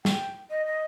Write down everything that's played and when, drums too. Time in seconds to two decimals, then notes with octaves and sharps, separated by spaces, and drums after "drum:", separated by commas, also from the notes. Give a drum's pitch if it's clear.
0.05 G5, drum: snare
0.50 D#5
0.65 D#5